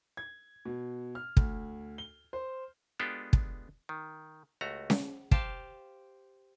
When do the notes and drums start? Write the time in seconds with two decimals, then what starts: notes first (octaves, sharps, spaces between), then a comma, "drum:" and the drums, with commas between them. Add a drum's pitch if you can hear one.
0.17 G#6
0.65 B2
1.15 F6
1.37 D2, drum: kick
1.98 G7
2.33 C5
2.99 G#3 B3 D4 F4 G4 A4
3.33 drum: kick
3.89 D#3
4.61 C#2 A3 F#4 A#5
4.90 drum: snare C#4
5.31 G4 C5 F5 A5, drum: kick